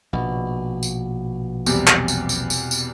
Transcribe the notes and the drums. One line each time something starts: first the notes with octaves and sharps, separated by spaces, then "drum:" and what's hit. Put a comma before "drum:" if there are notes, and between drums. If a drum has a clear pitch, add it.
A#1 B2
drum: tambourine
E2 C3 G3, drum: tambourine
drum: clap
drum: tambourine
drum: tambourine
drum: tambourine
drum: tambourine